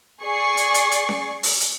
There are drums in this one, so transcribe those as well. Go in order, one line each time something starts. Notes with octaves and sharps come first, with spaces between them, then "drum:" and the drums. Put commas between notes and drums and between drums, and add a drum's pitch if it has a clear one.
G#4 D5 C#6 C7
drum: hi-hat
drum: hi-hat
drum: hi-hat
drum: snare C#4
drum: open hi-hat
drum: hi-hat